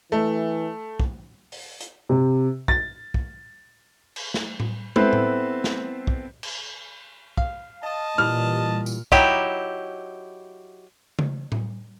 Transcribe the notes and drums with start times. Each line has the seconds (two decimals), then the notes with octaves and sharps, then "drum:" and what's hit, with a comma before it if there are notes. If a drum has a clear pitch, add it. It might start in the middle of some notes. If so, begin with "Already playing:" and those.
0.12 E3 A3
1.00 drum: kick
1.52 drum: open hi-hat
1.81 drum: hi-hat
2.09 C3
2.68 A6, drum: kick
3.14 drum: kick
4.16 drum: cymbal
4.34 drum: snare
4.60 drum: tom A2
4.96 B3 C4 E4 A4 B4 C5, drum: tom
5.13 drum: tom A2
5.64 drum: snare
6.07 drum: kick
6.43 drum: cymbal
7.37 F5, drum: kick
7.82 D#5 A5
8.18 A#2 E3 G3 F6
8.86 drum: tambourine
9.12 F#3 D#4 E4 G4, drum: kick
11.19 drum: tom C#3
11.52 drum: tom A2